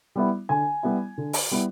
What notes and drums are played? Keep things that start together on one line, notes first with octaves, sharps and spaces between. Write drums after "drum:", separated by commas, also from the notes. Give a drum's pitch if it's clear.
G3 B3 E4
D3 G#5
G3 B3 E4
D3
drum: open hi-hat
G3 B3 E4